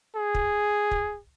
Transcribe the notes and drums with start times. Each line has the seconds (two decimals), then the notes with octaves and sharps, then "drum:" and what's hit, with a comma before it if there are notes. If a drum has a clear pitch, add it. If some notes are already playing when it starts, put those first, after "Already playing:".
0.16 G#4
0.34 drum: kick
0.91 drum: kick